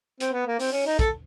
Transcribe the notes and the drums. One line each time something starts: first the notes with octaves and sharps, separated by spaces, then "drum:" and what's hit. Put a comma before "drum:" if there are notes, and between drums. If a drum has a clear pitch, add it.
C4, drum: hi-hat
B3
A#3
C4, drum: open hi-hat
C#4
D#4
A4, drum: kick, hi-hat